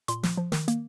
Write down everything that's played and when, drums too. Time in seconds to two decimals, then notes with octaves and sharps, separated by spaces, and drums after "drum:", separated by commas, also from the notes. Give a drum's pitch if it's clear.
0.08 A#2 C6, drum: hi-hat
0.23 F3, drum: snare
0.37 F3
0.52 D#3, drum: snare
0.68 A#3, drum: hi-hat